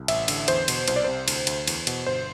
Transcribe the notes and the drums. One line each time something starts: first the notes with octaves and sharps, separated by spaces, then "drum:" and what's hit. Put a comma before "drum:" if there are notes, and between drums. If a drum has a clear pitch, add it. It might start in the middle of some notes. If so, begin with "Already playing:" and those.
Already playing: C2
A1 E5, drum: cymbal
D3, drum: cymbal
E2 C5, drum: cymbal
B2, drum: cymbal
C2 C5, drum: cymbal
D5
C3 C5
D2, drum: cymbal
D2, drum: cymbal
E2, drum: cymbal
B2, drum: cymbal
G1 C5